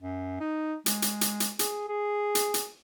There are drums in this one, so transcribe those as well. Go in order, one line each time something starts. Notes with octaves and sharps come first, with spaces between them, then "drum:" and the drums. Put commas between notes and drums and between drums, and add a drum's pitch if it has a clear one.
F#2
D#4
G#3, drum: hi-hat
drum: hi-hat
drum: hi-hat
drum: hi-hat
G#4, drum: hi-hat
G#4
drum: hi-hat
drum: hi-hat